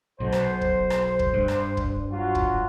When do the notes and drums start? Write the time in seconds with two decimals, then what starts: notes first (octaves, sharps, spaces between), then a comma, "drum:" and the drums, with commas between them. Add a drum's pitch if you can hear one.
0.20 B1 B2 C5
0.32 drum: rim click
0.61 drum: kick
0.90 drum: rim click
1.19 drum: kick
1.34 G2
1.48 drum: rim click
1.77 drum: kick
2.12 F#3 F4 F#4
2.35 drum: kick